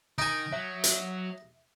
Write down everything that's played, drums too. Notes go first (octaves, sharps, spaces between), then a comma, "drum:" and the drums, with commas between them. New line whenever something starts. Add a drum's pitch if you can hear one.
D#3 D#4 G#5 D7
F#3 E5
drum: hi-hat